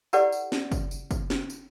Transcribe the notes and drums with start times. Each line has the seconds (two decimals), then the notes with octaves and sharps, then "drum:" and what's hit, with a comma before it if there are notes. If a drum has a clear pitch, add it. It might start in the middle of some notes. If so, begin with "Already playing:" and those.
0.13 E4 G4 A4 B4 D5 F#5, drum: tambourine
0.32 drum: tambourine
0.52 drum: snare
0.72 drum: kick, tambourine
0.91 drum: tambourine
1.11 drum: kick, tambourine
1.30 drum: snare
1.50 drum: tambourine